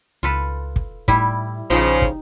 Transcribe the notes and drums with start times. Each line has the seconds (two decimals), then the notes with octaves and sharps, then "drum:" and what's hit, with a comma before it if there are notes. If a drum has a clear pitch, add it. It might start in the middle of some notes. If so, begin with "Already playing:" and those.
0.23 C#2 F4 A4 B4
0.76 drum: kick
1.08 A2 G3 E4, drum: kick
1.70 A#1 C#3 F3 D#4 G5
2.02 drum: kick